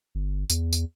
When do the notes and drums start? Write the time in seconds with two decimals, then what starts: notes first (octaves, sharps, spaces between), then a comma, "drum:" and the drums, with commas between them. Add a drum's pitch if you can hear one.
0.15 G1
0.50 E2, drum: tambourine
0.73 drum: tambourine